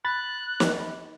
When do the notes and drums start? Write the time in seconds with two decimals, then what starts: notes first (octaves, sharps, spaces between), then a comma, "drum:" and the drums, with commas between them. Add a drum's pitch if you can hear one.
0.05 B5 F#6 A6
0.60 drum: snare